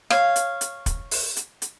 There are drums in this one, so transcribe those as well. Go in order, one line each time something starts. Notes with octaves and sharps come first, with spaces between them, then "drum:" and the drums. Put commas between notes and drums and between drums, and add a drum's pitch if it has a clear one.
C#5 F5, drum: rim click
drum: hi-hat
drum: hi-hat
drum: kick, hi-hat
drum: open hi-hat
drum: hi-hat
drum: hi-hat